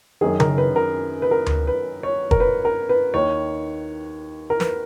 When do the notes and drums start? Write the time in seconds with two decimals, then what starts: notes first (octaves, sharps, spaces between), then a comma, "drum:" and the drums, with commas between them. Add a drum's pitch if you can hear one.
0.21 F#2 D#3 G#4
0.40 A#4, drum: tom C#3
0.58 B4
0.76 A#4
1.22 B4
1.31 A#4
1.46 drum: tom D2
1.67 B4
2.03 C#5
2.31 A#4, drum: kick
2.40 B4
2.65 A#4
2.89 B4
3.14 D#2 D#3 C#5
4.50 A#4
4.60 B4, drum: snare